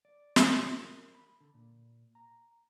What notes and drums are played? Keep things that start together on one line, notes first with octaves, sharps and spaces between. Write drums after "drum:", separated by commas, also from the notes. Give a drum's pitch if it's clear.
D5
drum: snare
B2
A#4
B5
D3
A#2
A#5